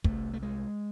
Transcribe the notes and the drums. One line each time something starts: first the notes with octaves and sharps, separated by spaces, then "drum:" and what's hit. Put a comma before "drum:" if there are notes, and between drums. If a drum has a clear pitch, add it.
C2 C3 A3, drum: kick
A3
G#3